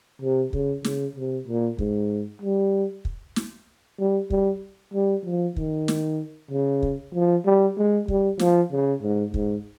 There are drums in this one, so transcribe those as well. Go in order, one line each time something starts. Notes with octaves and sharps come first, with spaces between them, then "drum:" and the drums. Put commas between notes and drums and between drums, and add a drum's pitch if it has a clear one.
C3
C#3, drum: kick
C#3, drum: snare
C3
A#2
G#2, drum: kick
G3
drum: kick
drum: snare
G3
G3, drum: kick
G3
F3
D#3, drum: kick
drum: snare
C#3
drum: kick
F3
G3
G#3
G3, drum: kick
F3, drum: snare
C#3
G#2
G#2, drum: kick